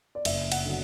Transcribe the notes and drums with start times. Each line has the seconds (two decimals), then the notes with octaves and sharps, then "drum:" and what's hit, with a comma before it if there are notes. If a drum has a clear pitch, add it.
0.15 D5
0.25 F#1 E5, drum: cymbal
0.52 F#5, drum: cymbal
0.65 D3 F#3